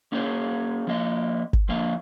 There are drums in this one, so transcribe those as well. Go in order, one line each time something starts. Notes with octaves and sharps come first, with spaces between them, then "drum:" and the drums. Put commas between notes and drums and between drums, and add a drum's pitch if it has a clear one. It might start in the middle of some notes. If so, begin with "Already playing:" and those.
A#3 C#4 G#4 C5 C#5 F5
F3 A#3 D#5
drum: kick G1
F2 D3 F3 A#3 F5